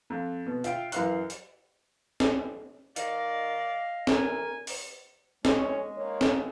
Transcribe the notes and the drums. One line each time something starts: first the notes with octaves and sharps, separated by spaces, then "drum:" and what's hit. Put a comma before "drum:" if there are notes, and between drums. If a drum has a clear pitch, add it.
F2
B2
F4 E5 F5 G5, drum: hi-hat
F#2 E3 F5 F6 F#6, drum: hi-hat
drum: hi-hat
drum: snare
D#3 D5 D#5 F5, drum: hi-hat
A#4 G#5, drum: snare
drum: open hi-hat
G#3 C#4, drum: snare
D#3 A#3 C#5
drum: snare